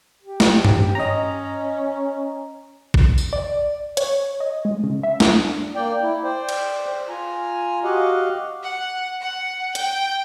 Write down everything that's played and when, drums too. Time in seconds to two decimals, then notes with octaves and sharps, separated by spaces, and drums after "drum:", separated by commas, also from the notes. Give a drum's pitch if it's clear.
0.22 G4
0.40 drum: snare
0.65 drum: tom G2
0.95 C#4 D#5 A#5
2.94 drum: kick
3.18 drum: tambourine
3.33 D5
3.97 C#5, drum: hi-hat
4.40 D#5
4.65 G#3
4.83 C#3
5.03 E5
5.20 D4, drum: snare
5.75 A#3 D5 G5
6.02 E4
6.24 C5 D5 G5
6.49 drum: cymbal
7.09 F4 G#5 A#5
7.84 F#4 G4 D#5 F5 F#5
8.63 F#5
9.21 F#5
9.75 G5, drum: hi-hat